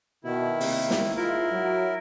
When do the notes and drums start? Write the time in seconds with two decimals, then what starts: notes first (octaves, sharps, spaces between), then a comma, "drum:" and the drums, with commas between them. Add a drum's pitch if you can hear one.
0.24 B2 D#3 E4
0.60 C3 A#3, drum: open hi-hat
0.91 drum: snare
1.17 G#2 E4 F4 A#4
1.51 F#3